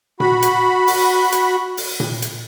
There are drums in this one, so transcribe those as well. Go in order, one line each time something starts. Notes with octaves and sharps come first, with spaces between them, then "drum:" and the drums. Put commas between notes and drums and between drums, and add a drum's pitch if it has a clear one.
F#4 B5, drum: tom A#2
drum: hi-hat
drum: open hi-hat
drum: hi-hat
drum: open hi-hat
drum: tom A#2
drum: hi-hat